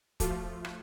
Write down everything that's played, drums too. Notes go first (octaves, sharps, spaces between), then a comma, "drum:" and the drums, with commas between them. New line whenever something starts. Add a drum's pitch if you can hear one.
F3 A3 F4 F#4 A4, drum: kick, hi-hat
drum: rim click